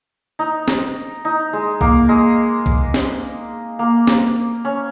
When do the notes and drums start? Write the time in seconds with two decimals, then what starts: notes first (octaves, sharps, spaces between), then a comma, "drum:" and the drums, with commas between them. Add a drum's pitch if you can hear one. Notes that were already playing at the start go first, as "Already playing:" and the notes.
0.39 D#4
0.68 drum: snare
1.25 D#4
1.53 G#3
1.81 A#3, drum: kick
2.09 G#3
2.66 drum: kick
2.94 drum: snare
3.79 A#3
4.07 drum: snare
4.65 C#4